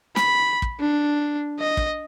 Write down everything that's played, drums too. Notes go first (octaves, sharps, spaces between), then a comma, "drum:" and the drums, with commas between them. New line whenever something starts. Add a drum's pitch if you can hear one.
B5, drum: snare
drum: kick
D4
D#5
drum: kick